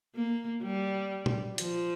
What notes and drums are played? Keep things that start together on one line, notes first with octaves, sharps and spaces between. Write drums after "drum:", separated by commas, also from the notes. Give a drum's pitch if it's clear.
A#3
G3
drum: tom A#2
F3, drum: hi-hat